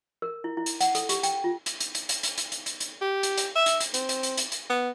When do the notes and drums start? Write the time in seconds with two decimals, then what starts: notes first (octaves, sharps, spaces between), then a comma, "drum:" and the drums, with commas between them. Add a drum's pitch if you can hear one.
0.22 A#4
0.44 E4
0.57 E4
0.66 drum: hi-hat
0.81 F#5, drum: hi-hat
0.95 A4, drum: hi-hat
1.09 G4, drum: hi-hat
1.23 G5, drum: hi-hat
1.44 F4
1.66 drum: hi-hat
1.80 drum: hi-hat
1.95 drum: hi-hat
2.09 drum: hi-hat
2.23 drum: hi-hat
2.38 drum: hi-hat
2.52 drum: hi-hat
2.66 drum: hi-hat
2.80 drum: hi-hat
3.01 G4
3.23 drum: hi-hat
3.38 drum: hi-hat
3.56 E5
3.66 drum: hi-hat
3.80 drum: hi-hat
3.94 C4, drum: hi-hat
4.09 drum: hi-hat
4.23 drum: hi-hat
4.37 drum: hi-hat
4.52 drum: hi-hat
4.70 B3